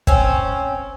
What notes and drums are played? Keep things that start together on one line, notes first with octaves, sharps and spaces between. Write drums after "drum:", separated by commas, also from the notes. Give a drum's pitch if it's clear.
C4 C#4, drum: kick